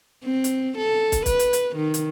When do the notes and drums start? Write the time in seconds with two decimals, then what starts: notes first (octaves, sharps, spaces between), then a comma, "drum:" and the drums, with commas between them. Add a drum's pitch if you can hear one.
0.24 C4
0.44 drum: hi-hat
0.77 A4
1.12 drum: kick, hi-hat
1.26 B4, drum: kick, hi-hat
1.39 drum: hi-hat
1.53 drum: hi-hat
1.76 D#3
1.94 drum: hi-hat